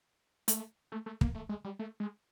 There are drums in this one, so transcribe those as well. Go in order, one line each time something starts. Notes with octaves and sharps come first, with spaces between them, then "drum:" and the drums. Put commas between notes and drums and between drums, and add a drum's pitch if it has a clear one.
A3, drum: hi-hat
A3
A3
A#3, drum: kick
A3
G#3
G3
A3
G#3